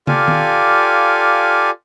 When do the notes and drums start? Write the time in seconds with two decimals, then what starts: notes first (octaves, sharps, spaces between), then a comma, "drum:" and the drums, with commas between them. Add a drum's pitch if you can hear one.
0.07 F4 G4 A4 D5 F5 G#5, drum: tom
0.28 drum: tom D#3